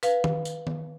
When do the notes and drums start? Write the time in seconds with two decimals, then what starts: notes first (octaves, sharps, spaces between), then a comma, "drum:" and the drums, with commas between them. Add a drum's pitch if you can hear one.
0.03 B4 F5, drum: tambourine
0.24 drum: tom D#3
0.45 drum: tambourine
0.67 drum: tom D#3